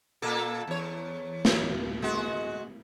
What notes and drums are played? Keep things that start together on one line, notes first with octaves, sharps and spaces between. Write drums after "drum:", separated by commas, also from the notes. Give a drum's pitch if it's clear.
A#2 A#3 A4
E2 C#5
drum: snare
G#3 F#4